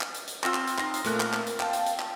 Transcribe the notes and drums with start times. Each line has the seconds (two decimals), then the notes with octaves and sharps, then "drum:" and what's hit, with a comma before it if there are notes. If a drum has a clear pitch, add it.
0.01 drum: clap
0.14 drum: hi-hat
0.28 drum: hi-hat
0.43 C4 F4, drum: clap
0.54 drum: clap
0.67 drum: hi-hat
0.78 D#4 C6 A#6, drum: clap
0.94 drum: hi-hat
1.04 A#2 A3 A#3 F#6, drum: hi-hat
1.20 drum: clap
1.33 drum: clap
1.47 drum: hi-hat
1.60 F5 G5 A5, drum: clap
1.73 drum: hi-hat
1.86 drum: hi-hat
1.99 drum: clap